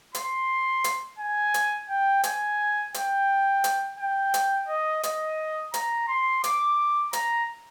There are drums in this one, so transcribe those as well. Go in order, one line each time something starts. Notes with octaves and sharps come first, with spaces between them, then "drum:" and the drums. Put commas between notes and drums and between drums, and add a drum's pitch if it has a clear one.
C6, drum: hi-hat
drum: hi-hat
G#5
drum: hi-hat
G5
G#5, drum: hi-hat
G5, drum: hi-hat
drum: hi-hat
G5
drum: hi-hat
D#5
D#5, drum: hi-hat
A#5, drum: hi-hat
C6
D6, drum: hi-hat
A#5, drum: hi-hat